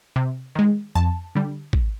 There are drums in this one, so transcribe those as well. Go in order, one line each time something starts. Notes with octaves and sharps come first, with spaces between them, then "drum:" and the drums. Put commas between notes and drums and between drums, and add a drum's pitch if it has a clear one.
C3
D#3 G#3
F2 A5
D3 G3
drum: kick